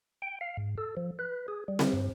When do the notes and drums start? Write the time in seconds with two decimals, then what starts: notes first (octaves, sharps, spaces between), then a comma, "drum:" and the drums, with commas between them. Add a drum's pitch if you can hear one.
0.22 G5
0.41 F5
0.57 G#2
0.78 A4
0.97 F3
1.19 B4
1.48 G#4
1.68 G3
1.79 drum: snare C4
1.93 G2